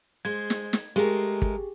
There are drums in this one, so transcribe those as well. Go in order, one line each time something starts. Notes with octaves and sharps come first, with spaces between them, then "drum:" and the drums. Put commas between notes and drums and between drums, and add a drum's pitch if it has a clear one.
G#3 C5 G#6
drum: snare
drum: snare
G#3 A3 G4 G#4 A#4
drum: kick